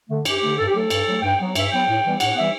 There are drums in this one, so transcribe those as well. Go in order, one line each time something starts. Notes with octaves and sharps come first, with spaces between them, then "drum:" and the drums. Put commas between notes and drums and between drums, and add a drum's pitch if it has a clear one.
D3 A3
F#2 G4, drum: cymbal
D3 A3
G2 A4
G4
F#3 A3 A4
G2, drum: cymbal
F#3 A3
G2 G5
F#3 B3
G2 E5, drum: cymbal
F#3 B3 G5
A2
E3 G3 B3
A2 F#5, drum: cymbal
E3 G3 B3 E5